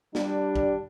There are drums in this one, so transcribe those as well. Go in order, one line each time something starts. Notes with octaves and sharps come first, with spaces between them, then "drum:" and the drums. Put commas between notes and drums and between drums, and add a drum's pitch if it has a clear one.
G3 D4, drum: snare
drum: kick